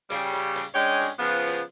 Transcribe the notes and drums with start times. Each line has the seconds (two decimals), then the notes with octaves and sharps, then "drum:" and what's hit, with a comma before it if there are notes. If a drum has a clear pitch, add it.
0.10 C#3 G3, drum: hi-hat
0.33 drum: hi-hat
0.56 drum: hi-hat
0.74 G#3 C#4 D4 C#5 D#5 G5
1.02 drum: hi-hat
1.19 C#3 F3 B3
1.47 drum: hi-hat